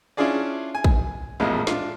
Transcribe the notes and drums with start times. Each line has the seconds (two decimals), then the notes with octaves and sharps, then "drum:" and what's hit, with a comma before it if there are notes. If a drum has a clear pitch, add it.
0.17 C#4 D4 E4 F4 G#4 D5
0.75 G#5
0.84 drum: kick
1.40 A1 F2 A#2 G#3 F5
1.67 D4 F4, drum: snare